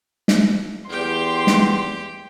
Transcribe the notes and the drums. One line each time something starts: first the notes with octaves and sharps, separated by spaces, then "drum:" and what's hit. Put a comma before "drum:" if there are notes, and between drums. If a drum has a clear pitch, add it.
drum: snare
E2 G4 G5 C6
drum: snare